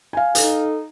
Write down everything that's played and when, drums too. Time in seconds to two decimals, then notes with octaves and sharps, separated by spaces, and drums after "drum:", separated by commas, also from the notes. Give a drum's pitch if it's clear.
0.13 F5 G#5
0.35 D#4 A4, drum: hi-hat